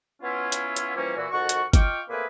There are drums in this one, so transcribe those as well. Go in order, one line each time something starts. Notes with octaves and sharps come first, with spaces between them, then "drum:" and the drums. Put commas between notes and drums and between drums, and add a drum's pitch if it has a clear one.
B3 C#4 E4 F4
drum: hi-hat
drum: hi-hat
E3 F3 G3 A#3 C#4
A#2 E3 F#4
F2 D#3 F#4 A4 C#6
drum: hi-hat
F4 D#5 G5 C#6 D6 F6, drum: kick, hi-hat
A3 A#3 C4 G#4 B4